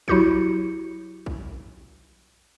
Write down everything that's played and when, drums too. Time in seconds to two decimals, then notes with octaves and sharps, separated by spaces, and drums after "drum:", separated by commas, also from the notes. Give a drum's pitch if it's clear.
0.08 F#3 E4 F#4 G4 G6 C#7, drum: kick A#1
1.26 drum: kick A#1